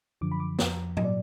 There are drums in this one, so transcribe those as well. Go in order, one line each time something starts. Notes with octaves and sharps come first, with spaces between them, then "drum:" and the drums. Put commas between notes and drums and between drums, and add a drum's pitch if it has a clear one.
F#2 D3 F3 D6
B5
D6
F2 F3 A#5, drum: snare
A#2 F#3 D#5, drum: tom G#2
D5